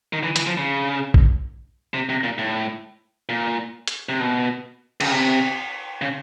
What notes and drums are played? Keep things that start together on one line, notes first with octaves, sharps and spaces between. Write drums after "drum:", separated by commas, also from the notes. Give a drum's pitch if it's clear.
D#3
E3
E3, drum: hi-hat
F3
C#3
drum: kick A1
C3
C3
A#2
A2
A#2
drum: hi-hat
C3
B2
C#3, drum: cymbal
C3
C#3